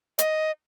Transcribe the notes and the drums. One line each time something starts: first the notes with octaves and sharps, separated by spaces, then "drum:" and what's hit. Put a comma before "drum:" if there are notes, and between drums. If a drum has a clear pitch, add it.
D#5, drum: hi-hat